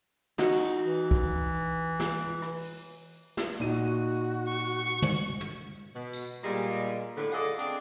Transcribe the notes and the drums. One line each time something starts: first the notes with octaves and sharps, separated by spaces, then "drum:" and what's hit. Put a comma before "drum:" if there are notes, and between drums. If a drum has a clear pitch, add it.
D#4 F#4, drum: snare
drum: cymbal
E3
drum: kick
drum: snare
drum: rim click
drum: open hi-hat
drum: snare
A#2 D#4 F#4 D#7
C#6
drum: tom
drum: tom
B2
drum: tambourine
A#2 G3 G#3
A2 D3 B4
F4 G#4 A4 D5 D#5 F#5
C4 D4 G#4 D5, drum: hi-hat